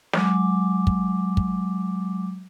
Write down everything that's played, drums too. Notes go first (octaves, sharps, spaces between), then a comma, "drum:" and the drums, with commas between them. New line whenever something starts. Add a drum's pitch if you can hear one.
F#3 G#3 D6, drum: snare
drum: kick
drum: kick